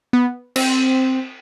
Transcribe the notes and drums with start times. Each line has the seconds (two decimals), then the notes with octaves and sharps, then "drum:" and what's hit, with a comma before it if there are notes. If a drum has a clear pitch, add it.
0.13 B3
0.56 C4, drum: cymbal